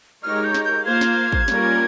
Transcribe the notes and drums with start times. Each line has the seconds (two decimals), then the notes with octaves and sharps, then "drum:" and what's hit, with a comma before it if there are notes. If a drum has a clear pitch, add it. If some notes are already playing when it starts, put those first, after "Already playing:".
0.23 G#3 D#4 G4 A#4 C#5 F6
0.44 G6
0.55 drum: snare
0.65 G6
0.85 A#3 F4 C5 F5 G#6
1.01 drum: snare
1.32 drum: kick
1.48 G3 A#3 C#4 F4 A#4, drum: snare